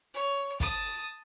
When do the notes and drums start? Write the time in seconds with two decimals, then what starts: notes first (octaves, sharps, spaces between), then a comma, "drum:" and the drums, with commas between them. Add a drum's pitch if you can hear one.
0.14 C#5
0.60 A5 D#6, drum: kick, hi-hat